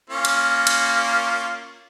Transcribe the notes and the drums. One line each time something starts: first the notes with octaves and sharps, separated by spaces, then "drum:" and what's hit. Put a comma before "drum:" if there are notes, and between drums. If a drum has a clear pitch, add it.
A#3 C#4 F4
drum: cymbal
drum: cymbal